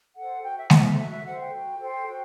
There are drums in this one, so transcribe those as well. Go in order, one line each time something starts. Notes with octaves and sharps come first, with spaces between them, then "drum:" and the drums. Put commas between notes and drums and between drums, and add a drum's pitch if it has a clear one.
A4 C5 F#5
F#4 G5
E5
A4 C5 D#5, drum: snare
E5
F#4 E5
E5
A4 C5 F#5
G5
F#4
A4 C5
F#4